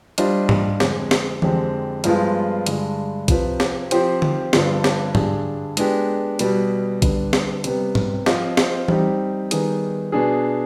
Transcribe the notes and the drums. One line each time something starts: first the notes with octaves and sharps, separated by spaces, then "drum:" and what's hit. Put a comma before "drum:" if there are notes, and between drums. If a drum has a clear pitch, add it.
G3 D4 F4 C5 D#5, drum: hi-hat
drum: tom G#2
F2 D3 G#3, drum: snare
drum: snare
F2 D3 G#3 C4 G4, drum: tom E3
G2 F3 G#3 B3 F4, drum: hi-hat
G2 D3 G#3, drum: hi-hat
C3 F3 C4 F4 B4, drum: kick, hi-hat
drum: snare
F3 C4 G4 C5, drum: hi-hat
drum: tom D3
G2 D3 F3 B3 F4, drum: snare
drum: snare
G2 D3 G3 D4 G#4, drum: tom G#2
G#3 B3 D4 G4, drum: hi-hat
B2 G3 B3, drum: hi-hat
D3 G3 B3 D4, drum: kick, hi-hat
drum: snare
C3 G3 B3, drum: hi-hat
drum: tom G#2
F3 C4 F4 C5 D#5, drum: snare
drum: snare
G3 C4 D#4 G4, drum: tom E3
D#3 G3 B3 D#4 G#4, drum: hi-hat
B2 B3 D4 G#4